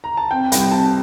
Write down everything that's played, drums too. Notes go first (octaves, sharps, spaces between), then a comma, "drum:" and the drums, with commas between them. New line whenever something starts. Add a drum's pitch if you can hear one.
A#5
A5
C4 G5
C2 G5, drum: hi-hat
C4 A5